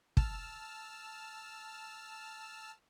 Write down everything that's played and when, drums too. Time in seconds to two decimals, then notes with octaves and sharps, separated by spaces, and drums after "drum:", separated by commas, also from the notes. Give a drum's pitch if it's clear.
0.17 A5 E6 F6, drum: kick